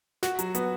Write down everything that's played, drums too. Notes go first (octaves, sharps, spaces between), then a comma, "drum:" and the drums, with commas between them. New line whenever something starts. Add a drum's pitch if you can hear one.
F#4, drum: snare
F#3, drum: hi-hat
B3, drum: hi-hat